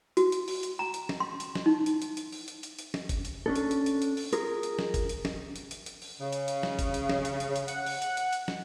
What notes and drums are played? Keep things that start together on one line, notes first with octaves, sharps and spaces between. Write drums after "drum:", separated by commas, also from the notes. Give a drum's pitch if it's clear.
F#4, drum: hi-hat
drum: hi-hat
drum: open hi-hat
drum: hi-hat
A#5
drum: hi-hat
drum: snare
C6
drum: hi-hat
drum: snare
D#4
drum: hi-hat
drum: hi-hat
drum: hi-hat
drum: open hi-hat
drum: hi-hat
drum: hi-hat
drum: hi-hat
drum: snare
drum: kick, hi-hat
drum: hi-hat
C#4 D4 A4
drum: hi-hat
drum: hi-hat
drum: hi-hat
drum: hi-hat
drum: open hi-hat
F4 G#4 A#4, drum: hi-hat
drum: hi-hat
drum: snare
drum: kick, hi-hat
drum: hi-hat
drum: snare
drum: hi-hat
drum: hi-hat
drum: hi-hat
drum: open hi-hat
C#3
drum: hi-hat
drum: hi-hat
drum: snare
drum: kick, hi-hat
drum: hi-hat
drum: snare
drum: hi-hat
drum: hi-hat
drum: hi-hat
F#5, drum: hi-hat
drum: open hi-hat
drum: hi-hat
drum: hi-hat
drum: hi-hat
drum: snare